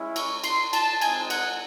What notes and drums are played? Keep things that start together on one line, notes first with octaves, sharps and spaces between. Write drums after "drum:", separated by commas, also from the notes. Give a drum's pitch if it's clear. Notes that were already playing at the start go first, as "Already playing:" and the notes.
Already playing: G#3 C#4 E4
C#6, drum: cymbal
C6, drum: cymbal
A5, drum: cymbal
G#3 C4 D#4 G#5, drum: cymbal
F#5, drum: cymbal